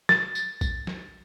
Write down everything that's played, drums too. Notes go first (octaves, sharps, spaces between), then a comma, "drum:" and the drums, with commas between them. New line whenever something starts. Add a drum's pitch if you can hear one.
A6, drum: snare
drum: tambourine
drum: kick A#1, tambourine
drum: snare